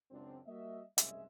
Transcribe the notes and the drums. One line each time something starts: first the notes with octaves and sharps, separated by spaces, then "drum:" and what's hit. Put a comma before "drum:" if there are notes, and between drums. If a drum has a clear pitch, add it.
C#2 F#2 C4 D4
G3 A#3 F#4 D#5 E5
F#1 C2 C#3 G#3 E5, drum: hi-hat